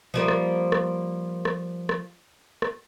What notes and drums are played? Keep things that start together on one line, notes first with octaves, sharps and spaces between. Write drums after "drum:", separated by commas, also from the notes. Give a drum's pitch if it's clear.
F3 G3 A#3
drum: rim click
drum: rim click
drum: rim click
drum: rim click
drum: rim click